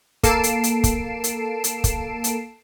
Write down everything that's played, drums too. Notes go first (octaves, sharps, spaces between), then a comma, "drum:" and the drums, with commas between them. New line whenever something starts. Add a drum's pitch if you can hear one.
A#3 A4 A5 C7 D7 E7, drum: kick, hi-hat
drum: hi-hat
drum: hi-hat
drum: kick, hi-hat
drum: hi-hat
drum: hi-hat
drum: kick, hi-hat
drum: hi-hat